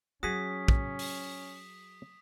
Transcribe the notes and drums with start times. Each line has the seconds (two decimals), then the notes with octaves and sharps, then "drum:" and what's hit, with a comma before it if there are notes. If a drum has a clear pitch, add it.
0.23 F#3 C#4 F#4 G#4 D#6 B6
0.68 drum: kick
0.99 drum: open hi-hat